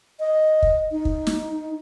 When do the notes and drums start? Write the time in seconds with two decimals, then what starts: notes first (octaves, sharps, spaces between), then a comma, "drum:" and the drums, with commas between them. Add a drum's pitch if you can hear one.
0.20 D#5
0.63 drum: kick
0.92 D#4
1.05 drum: kick
1.27 drum: snare